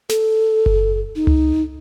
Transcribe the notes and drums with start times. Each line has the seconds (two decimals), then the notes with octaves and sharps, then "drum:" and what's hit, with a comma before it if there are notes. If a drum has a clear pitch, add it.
0.09 A4, drum: snare
0.66 drum: kick F#1
1.16 D#4
1.27 drum: tom C#2